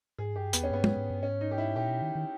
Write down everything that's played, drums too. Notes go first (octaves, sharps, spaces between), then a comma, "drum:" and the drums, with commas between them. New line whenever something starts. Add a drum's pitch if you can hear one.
G#2 G#4
G2 G4
E2 B3, drum: hi-hat
C#4
G2 B3
G#2, drum: tom
G#2
G2
G#2 C#4
D#4
G4
E4
A#2 G4
B2
D#3
D#3